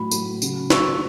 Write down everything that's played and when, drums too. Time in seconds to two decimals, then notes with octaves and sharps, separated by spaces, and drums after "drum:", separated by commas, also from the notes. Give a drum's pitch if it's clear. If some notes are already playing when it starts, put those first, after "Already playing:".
Already playing: A2 F#3 B5
0.11 A2 F#3, drum: tambourine
0.42 C#3 F#3, drum: tambourine
0.70 C#3 F#3 C#6 E6, drum: snare